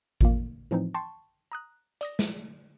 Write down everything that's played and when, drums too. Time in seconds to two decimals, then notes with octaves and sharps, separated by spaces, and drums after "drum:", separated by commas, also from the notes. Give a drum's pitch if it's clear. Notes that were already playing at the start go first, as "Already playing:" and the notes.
0.21 A1 A#2 A#3, drum: kick G#1
0.71 A2 E3 F3 C4 D#4
0.94 G5 A5 C6 C#6
1.52 A#5 D#6 F#6
2.01 D5 D#6 A#6, drum: hi-hat
2.19 drum: snare